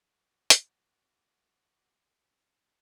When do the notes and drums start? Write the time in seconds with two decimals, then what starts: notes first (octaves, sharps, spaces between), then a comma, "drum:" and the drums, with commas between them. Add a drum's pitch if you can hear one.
0.10 F#4 D6
0.50 drum: hi-hat